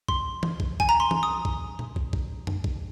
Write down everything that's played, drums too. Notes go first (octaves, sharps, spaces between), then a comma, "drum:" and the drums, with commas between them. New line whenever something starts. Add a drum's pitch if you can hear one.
C6, drum: kick
drum: tom
drum: kick
G#5, drum: kick
A#5
C6
drum: tom
D#6
drum: kick
drum: tom A#2
drum: kick
drum: kick
drum: tom F#2
drum: kick